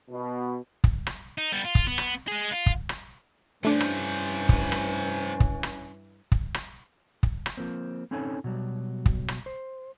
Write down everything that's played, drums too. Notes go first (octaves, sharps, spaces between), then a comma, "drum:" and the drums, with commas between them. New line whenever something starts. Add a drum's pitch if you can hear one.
B2
drum: kick
drum: rim click
D#4
G3 B3
F4
drum: kick
B3
drum: rim click
G#3 G#4
F4
drum: kick
drum: rim click
G2 C3 E3 F3 A3 C#4 D4
drum: rim click
drum: kick
drum: rim click
drum: kick
drum: rim click
drum: kick
drum: rim click
drum: kick
drum: rim click
F3 A#3 C4
C4 C#4 D#4 A4 C#5 G#5
B2 F#3 G3
drum: kick
drum: rim click
C5